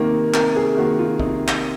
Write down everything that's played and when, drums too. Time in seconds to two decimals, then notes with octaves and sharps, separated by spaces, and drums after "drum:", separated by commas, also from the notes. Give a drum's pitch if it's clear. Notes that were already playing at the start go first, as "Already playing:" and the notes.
Already playing: C3 D#3 A#3
0.34 C3 A#4, drum: clap
0.56 G#4
0.77 D#3 A#3 F#4
0.99 F4
1.20 C3 D#4, drum: kick
1.48 drum: clap